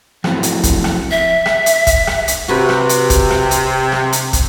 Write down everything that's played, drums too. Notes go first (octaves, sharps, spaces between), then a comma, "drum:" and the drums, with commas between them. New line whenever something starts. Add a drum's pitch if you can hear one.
F3 F#3 A3 C4 E4, drum: rim click
drum: hi-hat
drum: kick, hi-hat
drum: rim click
E5
drum: rim click
drum: hi-hat
drum: kick, hi-hat
drum: rim click
drum: hi-hat
C3 F#4 B4
drum: rim click
drum: hi-hat
drum: kick, hi-hat
drum: rim click
drum: hi-hat
drum: rim click
drum: hi-hat
drum: kick, hi-hat